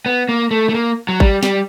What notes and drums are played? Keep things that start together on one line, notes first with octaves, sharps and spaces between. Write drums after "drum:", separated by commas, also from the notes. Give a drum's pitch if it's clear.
B3
A#3
A3
A3
A#3
F#3
G3, drum: kick G#1
G3, drum: snare